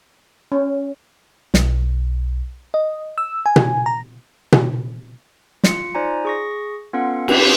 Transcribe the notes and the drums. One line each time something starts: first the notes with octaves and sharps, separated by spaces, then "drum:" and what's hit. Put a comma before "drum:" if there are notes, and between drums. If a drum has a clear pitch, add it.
C#4
B1, drum: snare
D#5
E6
G#5
drum: tom B2
A#5
drum: tom B2
F4 C#7, drum: snare
D#4 F4 C5 D5 G#5 A#5
G#4 C#6 A#6
B3 C#4 F4 A4 F5 F#5
C4 D4 F4 G4 B4, drum: cymbal